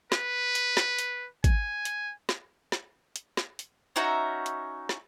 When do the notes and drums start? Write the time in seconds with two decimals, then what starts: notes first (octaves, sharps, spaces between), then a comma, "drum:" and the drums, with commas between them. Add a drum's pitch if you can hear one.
0.12 B4, drum: snare
0.55 drum: hi-hat
0.77 drum: snare
0.99 drum: hi-hat
1.44 G#5, drum: kick, hi-hat
1.85 drum: hi-hat
2.29 drum: snare
2.72 drum: snare
3.16 drum: hi-hat
3.37 drum: snare
3.59 drum: hi-hat
3.96 C#4 D#4 F#4 E5
4.46 drum: hi-hat
4.89 drum: snare